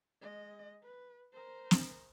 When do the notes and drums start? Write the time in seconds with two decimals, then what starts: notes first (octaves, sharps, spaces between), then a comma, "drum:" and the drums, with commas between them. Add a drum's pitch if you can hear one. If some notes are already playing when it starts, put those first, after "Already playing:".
0.21 G#3 D#5
0.83 B4
1.33 A#4 C5
1.71 drum: snare